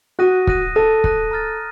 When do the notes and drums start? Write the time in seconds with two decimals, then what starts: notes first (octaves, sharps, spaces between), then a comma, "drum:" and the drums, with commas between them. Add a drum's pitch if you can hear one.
0.19 F#4 D#6 F#6 A#6 D#7
0.47 D#6 F#6 A#6 D#7, drum: kick
0.75 A4 D#6 F#6 A#6 D#7
1.04 D#6 F#6 A#6 D#7, drum: kick
1.31 A#5 F6 A6